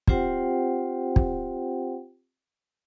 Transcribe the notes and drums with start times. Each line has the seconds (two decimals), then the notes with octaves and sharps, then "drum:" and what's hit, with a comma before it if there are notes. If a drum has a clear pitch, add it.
0.07 C4 F4 G4 C5 F#5 G5, drum: kick
1.16 drum: kick